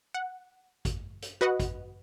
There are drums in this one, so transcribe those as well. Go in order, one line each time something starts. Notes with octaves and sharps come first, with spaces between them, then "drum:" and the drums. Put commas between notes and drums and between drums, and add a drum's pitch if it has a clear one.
F#5
drum: kick G#1, hi-hat
drum: hi-hat
F#4 B4 D#5 F#5
drum: kick G#1, hi-hat